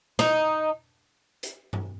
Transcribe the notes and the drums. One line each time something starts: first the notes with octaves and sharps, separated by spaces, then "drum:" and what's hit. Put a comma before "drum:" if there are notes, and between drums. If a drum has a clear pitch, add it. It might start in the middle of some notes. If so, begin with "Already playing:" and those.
D#4, drum: snare
drum: hi-hat
drum: tom G2